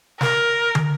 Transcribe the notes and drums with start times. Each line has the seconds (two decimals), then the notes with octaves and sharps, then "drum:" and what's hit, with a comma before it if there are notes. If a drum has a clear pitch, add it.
0.21 A#4, drum: snare
0.75 drum: tom